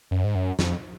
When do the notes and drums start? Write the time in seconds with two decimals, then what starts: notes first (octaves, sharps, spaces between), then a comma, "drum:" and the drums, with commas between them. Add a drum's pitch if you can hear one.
0.11 F#2
0.24 G#2
0.35 F#2
0.59 F2, drum: snare